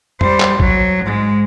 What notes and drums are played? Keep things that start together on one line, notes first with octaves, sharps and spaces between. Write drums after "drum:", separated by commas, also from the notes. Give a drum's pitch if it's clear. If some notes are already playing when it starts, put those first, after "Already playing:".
G3 C5, drum: tom F2
drum: clap
F#3, drum: kick
G#2 G#3